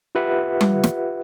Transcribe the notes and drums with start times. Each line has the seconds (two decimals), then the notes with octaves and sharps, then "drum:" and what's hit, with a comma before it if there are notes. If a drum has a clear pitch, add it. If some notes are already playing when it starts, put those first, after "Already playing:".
0.15 F4 G4 B4 E5 F#5
0.61 drum: tom G3
0.84 drum: snare